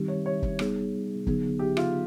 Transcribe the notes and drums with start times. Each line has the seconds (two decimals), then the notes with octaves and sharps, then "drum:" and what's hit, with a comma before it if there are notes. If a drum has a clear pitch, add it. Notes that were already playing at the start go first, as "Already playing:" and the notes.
Already playing: D#3 G3 C4 D#4 G4
0.08 C#5
0.26 C#5
0.42 drum: kick
0.59 G3 B3 D#4 G#4, drum: rim click
1.27 D3 F#3 B3 D#4 G#4, drum: kick
1.59 G4
1.77 F4, drum: rim click